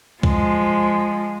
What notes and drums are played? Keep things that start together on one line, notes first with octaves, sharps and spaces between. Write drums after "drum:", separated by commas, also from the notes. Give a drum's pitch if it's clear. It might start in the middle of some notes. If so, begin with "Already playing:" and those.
F3 G#3, drum: kick